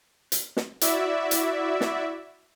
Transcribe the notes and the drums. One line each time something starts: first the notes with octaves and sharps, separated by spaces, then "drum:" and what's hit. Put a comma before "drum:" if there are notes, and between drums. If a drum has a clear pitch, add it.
drum: hi-hat
drum: snare
E4 F#4 D5 E5, drum: hi-hat
drum: hi-hat
drum: snare